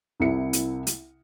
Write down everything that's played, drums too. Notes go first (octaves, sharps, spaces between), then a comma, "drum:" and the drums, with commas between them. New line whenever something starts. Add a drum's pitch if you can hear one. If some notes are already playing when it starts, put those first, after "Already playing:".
C2 C3 E4 C#7
drum: hi-hat
drum: hi-hat